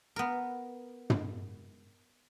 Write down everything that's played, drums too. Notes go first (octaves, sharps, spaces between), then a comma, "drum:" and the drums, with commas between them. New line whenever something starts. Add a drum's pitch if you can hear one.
B3 A#4
drum: tom